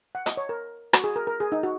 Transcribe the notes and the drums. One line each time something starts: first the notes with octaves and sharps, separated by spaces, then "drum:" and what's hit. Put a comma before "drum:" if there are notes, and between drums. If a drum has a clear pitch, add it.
F#5
D#5, drum: hi-hat
C#5
A#4
F#4, drum: rim click
G#4
A#4
A#4
G#4
D#4
F#4